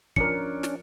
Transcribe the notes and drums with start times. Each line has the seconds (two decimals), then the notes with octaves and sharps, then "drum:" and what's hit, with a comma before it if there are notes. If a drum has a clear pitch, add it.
0.16 F3 C#4 D4 A#4 C#7, drum: kick
0.63 drum: snare